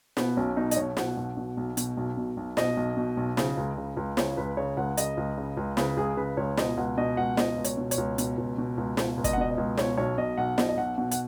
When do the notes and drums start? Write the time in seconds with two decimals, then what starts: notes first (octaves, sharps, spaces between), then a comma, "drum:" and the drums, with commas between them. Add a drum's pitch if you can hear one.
0.17 B2 B3, drum: snare
0.37 B1 C#4
0.57 B2 D#4
0.71 D#5, drum: hi-hat
0.76 B1 C#5
0.97 B2 F#5, drum: snare
1.17 B1
1.37 B2
1.57 B1
1.77 B2, drum: hi-hat
1.97 B1
2.17 B2
2.37 B1
2.57 B2 D#5, drum: snare
2.77 B1
2.97 B2
3.17 B1
3.37 C#3, drum: snare
3.57 C#2
3.77 C#3
3.97 C#2
4.17 C#3 C#5, drum: snare
4.37 C#2 B4
4.57 C#3 C#5
4.77 C#2 F#5
4.97 C#3 D#5, drum: hi-hat
5.17 C#2
5.37 C#3
5.57 C#2
5.77 C#3 B4, drum: snare
5.97 C#2 G#4
6.17 C#3 B4
6.37 C#2 C#5
6.57 B2 D#5, drum: snare
6.77 C#2 F#5
6.97 B2 D#5
7.17 C#2 F#5
7.37 B2 D#5, drum: snare
7.57 C#2
7.64 C#5, drum: hi-hat
7.77 B2
7.91 C#5, drum: hi-hat
7.98 C#2
8.18 B2, drum: hi-hat
8.38 C#2
8.58 B2
8.78 C#2
8.97 B2, drum: snare
9.17 C#2
9.24 D#5, drum: kick, hi-hat
9.33 F#5
9.38 B2 D#5
9.51 D#5
9.58 C#2
9.77 B2 C#5, drum: snare
9.97 B1 C#5
10.18 B2 D#5
10.38 B1 F#5
10.58 B2 D#5, drum: snare
10.69 D#5
10.78 B1 F#5
10.98 B2 F#5
11.11 F#5, drum: hi-hat